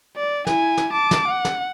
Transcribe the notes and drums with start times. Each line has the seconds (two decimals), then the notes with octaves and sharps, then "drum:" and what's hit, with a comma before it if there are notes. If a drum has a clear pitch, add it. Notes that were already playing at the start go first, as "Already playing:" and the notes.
0.16 D5
0.47 E4 G#5, drum: snare
0.77 drum: snare
0.93 A5 D6
1.11 drum: snare
1.28 F#5
1.45 drum: snare